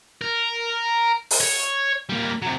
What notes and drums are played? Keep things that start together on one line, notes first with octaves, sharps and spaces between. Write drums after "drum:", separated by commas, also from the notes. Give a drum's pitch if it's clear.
A#4
drum: open hi-hat
C#5
G3 A#3
C3 F#3